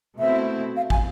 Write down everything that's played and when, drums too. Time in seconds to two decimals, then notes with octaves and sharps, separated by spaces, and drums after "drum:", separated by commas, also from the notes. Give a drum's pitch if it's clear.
0.19 B2 A3 C4 E4 E5
0.77 F5
0.90 G#5, drum: kick